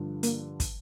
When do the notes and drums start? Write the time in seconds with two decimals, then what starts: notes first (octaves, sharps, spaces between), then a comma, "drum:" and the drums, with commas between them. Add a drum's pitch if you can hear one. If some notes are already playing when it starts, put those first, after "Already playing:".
Already playing: G2 D3 F3
0.23 A#3, drum: hi-hat
0.60 drum: kick, hi-hat